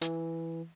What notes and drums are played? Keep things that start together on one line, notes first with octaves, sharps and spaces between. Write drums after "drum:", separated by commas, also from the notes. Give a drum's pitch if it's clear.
E3, drum: hi-hat